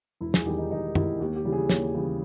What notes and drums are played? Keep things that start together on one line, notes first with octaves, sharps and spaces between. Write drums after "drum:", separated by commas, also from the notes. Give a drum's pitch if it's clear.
E1 E4
G#4, drum: snare
E2 D#3 G3 G4
D#4
E1 D#4
E2 D#3 G3 E4, drum: tom
D#2 G4
G4
C#3 E3 G3
G#4
D#2 C#5, drum: snare
C#3 E3 G3